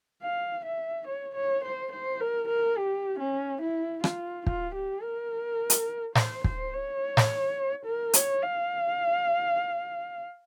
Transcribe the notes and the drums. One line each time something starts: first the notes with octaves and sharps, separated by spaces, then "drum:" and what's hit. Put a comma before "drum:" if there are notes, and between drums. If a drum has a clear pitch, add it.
F5
E5
C#5
C#5
C5
C5
A#4
A#4
G4
C#4
E4
F4, drum: rim click
F4, drum: kick
G4
A#4
drum: hi-hat
C5, drum: snare
C5, drum: kick
C#5
drum: snare
A#4
C#5, drum: hi-hat
F5